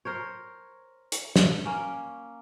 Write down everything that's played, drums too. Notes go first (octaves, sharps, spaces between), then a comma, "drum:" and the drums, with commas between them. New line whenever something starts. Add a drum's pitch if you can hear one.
A#4 C5 C#5
drum: hi-hat
drum: snare
A#3 C#4